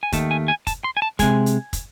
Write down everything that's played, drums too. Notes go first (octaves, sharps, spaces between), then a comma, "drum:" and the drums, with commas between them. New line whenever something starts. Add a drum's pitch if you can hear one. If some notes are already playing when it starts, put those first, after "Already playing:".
G#5
D#2 D#3 A3 A5, drum: kick, hi-hat
G#5
G#5
A5, drum: kick, hi-hat
C6
G#5
A5
C3 D#3 G#3 G#5, drum: kick, hi-hat
drum: hi-hat
drum: kick, hi-hat